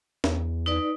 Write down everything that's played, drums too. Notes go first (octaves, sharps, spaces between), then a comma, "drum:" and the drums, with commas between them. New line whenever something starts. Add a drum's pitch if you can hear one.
E2, drum: snare
D#4 B4 D5